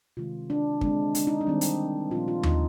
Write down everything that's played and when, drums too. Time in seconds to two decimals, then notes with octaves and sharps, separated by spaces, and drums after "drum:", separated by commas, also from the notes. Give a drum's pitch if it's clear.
0.17 C3 D#3 G#3 F4
0.50 D4
0.81 D3 G#3 C4 D4, drum: kick
1.15 D4, drum: hi-hat
1.27 D#4
1.41 D4
1.46 D#3 G3 C4
1.61 drum: hi-hat
2.11 A#2 F3 C4 F4
2.28 F4
2.43 D#4, drum: tom D#2